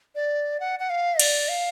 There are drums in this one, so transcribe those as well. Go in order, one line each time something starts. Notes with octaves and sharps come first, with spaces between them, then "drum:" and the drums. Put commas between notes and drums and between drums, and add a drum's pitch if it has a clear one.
D5
F#5
F#5
F5
D5, drum: cymbal
F5